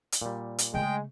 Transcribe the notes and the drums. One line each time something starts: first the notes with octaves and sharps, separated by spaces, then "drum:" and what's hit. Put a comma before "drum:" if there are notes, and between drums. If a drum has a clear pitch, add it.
drum: hi-hat
A#2 G3
drum: hi-hat
C#3 G#3 A3 G5